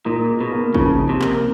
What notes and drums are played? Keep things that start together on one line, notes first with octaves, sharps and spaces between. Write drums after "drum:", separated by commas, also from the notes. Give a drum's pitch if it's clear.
A#2 D#4
C#3
B2
A#3
C#3 F3, drum: kick
D#4
C3
A#3, drum: clap